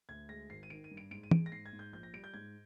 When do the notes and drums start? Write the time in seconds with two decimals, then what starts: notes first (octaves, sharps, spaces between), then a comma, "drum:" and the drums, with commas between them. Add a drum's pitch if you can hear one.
0.09 D2 G#6
0.29 G#3 A#6
0.50 G#1 C7
0.63 D#7
0.70 D#3 D7
0.84 D#7
0.91 G2
0.97 D7
1.11 G#2 D7
1.23 D#7
1.31 G#3 D7, drum: tom
1.46 A#6
1.52 G#2 C7
1.66 G#6
1.73 G#2
1.79 G6
1.93 A#1 G6
2.03 A#6
2.13 G3 D7
2.24 G6
2.34 G#2 G#6